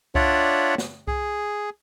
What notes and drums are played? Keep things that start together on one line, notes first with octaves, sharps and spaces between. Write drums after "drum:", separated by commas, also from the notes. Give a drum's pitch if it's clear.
D4 F4 C#5 D5 E5 F#5, drum: kick C2
drum: snare
G#4, drum: kick C2